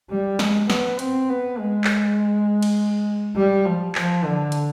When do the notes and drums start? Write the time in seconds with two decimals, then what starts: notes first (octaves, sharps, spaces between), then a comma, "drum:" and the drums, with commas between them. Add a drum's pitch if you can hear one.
0.10 G3
0.39 G#3, drum: snare
0.70 B3, drum: snare
0.99 C4, drum: hi-hat
1.29 B3
1.58 G#3
1.84 drum: clap
2.63 drum: cymbal
3.36 G3
3.66 F3
3.95 F3, drum: clap
4.25 D3
4.52 drum: hi-hat